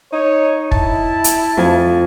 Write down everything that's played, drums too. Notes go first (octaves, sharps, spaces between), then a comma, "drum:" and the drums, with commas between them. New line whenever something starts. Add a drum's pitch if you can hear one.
D#4 C#5
E4 A5, drum: kick
drum: hi-hat
F2 G#5